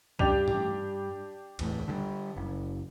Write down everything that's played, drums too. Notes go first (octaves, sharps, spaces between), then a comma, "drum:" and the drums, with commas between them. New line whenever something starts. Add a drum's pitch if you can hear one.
G2 D4 G4 F7, drum: kick C2
drum: tom G#2
D1 E2 A2, drum: cymbal
D3 E3 G3
F#1